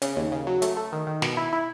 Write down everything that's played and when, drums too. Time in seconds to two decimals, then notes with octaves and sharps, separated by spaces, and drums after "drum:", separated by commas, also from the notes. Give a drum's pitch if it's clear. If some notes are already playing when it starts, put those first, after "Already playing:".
0.02 C#3, drum: hi-hat
0.16 D#2
0.32 C#3
0.47 F#3
0.62 A3, drum: hi-hat
0.77 A3
0.92 D#3
1.07 D#3
1.22 B2, drum: snare
1.37 E4
1.53 E4